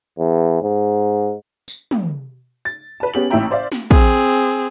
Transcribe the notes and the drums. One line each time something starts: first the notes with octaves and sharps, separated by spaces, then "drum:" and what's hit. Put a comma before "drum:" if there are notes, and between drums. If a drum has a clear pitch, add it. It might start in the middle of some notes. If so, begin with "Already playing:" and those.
E2
G#2
drum: tambourine
drum: tom
A6
B4 A5
B3 C#4 G4 G#4 F#7
A1 A2 E4 E5 G5 A#5
C5 D5 E5 F5
drum: snare
C4 G#4, drum: kick